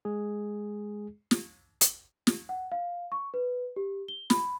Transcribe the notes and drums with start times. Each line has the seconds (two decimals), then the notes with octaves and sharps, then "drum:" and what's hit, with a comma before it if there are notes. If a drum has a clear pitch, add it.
0.05 G#3 G#4
1.31 drum: snare
1.81 drum: hi-hat
2.27 drum: snare
2.49 F#5
2.72 F5
3.12 C#6
3.34 B4
3.76 G4
4.08 G7
4.30 B5, drum: snare